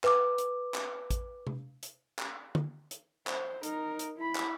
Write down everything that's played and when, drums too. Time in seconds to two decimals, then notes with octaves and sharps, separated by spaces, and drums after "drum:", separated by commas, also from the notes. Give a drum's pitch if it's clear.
0.04 B4 D6, drum: clap
0.38 drum: hi-hat
0.74 drum: clap
1.11 drum: kick A1, hi-hat
1.47 drum: tom C3
1.83 drum: hi-hat
2.19 drum: clap
2.55 drum: tom D3
2.91 drum: hi-hat
3.27 C5, drum: clap
3.63 D#4 A#4, drum: hi-hat
3.99 drum: hi-hat
4.17 E4 B5
4.35 drum: clap